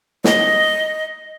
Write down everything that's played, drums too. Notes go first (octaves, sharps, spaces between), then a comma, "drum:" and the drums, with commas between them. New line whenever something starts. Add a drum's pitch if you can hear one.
D#5, drum: snare